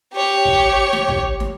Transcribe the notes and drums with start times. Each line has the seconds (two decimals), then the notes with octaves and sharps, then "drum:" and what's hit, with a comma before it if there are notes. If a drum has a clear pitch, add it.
0.14 G4 C#5
0.45 drum: kick
0.93 drum: snare
1.08 drum: kick
1.40 drum: snare